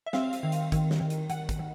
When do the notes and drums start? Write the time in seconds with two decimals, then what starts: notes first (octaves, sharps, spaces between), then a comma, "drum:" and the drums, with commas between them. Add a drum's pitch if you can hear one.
0.06 E5
0.13 C4 F5, drum: snare
0.33 drum: hi-hat
0.43 D#3
0.52 drum: hi-hat
0.72 D#3, drum: kick, hi-hat
0.91 drum: snare
1.00 D#3
1.10 drum: hi-hat
1.30 D#3 F#5, drum: hi-hat
1.49 drum: kick, hi-hat
1.59 D#3